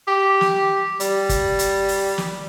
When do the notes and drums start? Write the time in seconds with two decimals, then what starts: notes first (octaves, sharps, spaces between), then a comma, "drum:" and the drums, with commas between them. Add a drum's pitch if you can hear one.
0.07 G4
0.41 drum: snare
1.00 G3, drum: hi-hat
1.29 drum: kick G1, hi-hat
1.59 drum: hi-hat
1.88 drum: open hi-hat
2.18 drum: snare